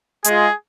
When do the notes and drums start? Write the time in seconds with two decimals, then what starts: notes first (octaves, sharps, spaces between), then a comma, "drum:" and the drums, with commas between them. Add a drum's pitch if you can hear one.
0.24 G#3 F4 G#4, drum: hi-hat